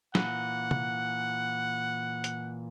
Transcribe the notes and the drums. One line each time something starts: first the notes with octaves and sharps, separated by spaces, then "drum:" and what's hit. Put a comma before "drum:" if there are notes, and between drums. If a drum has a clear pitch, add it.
A#2 E3 F#5, drum: snare
drum: tom
drum: hi-hat